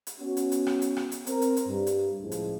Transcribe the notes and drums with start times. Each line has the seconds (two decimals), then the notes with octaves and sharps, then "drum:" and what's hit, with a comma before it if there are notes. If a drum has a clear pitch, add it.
0.07 drum: hi-hat
0.20 B3 C#4 F#4
0.37 drum: hi-hat
0.52 drum: hi-hat
0.67 drum: rim click
0.82 drum: hi-hat
0.97 drum: rim click
1.12 drum: hi-hat
1.27 C4 A#4, drum: hi-hat
1.42 drum: hi-hat
1.57 drum: hi-hat
1.67 G2
1.87 drum: hi-hat
2.21 C#2 A2 F3 G#3
2.32 drum: hi-hat